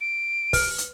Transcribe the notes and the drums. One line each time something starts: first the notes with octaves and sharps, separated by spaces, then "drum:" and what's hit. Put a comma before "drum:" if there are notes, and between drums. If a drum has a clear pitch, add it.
D7
B4, drum: kick, open hi-hat
drum: hi-hat